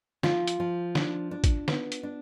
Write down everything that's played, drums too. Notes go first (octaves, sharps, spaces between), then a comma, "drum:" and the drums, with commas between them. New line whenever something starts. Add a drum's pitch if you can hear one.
F3 F4, drum: snare
drum: hi-hat
F3
D4, drum: snare
D4
drum: kick, hi-hat
B3, drum: snare
drum: hi-hat
D4